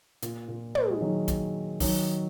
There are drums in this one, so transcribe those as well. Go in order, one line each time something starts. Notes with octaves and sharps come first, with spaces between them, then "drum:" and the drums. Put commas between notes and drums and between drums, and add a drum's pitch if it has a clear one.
A#2, drum: hi-hat
A#2
drum: tom
G#3
D#3 F#3
drum: kick, hi-hat
D#3 F#3, drum: kick, open hi-hat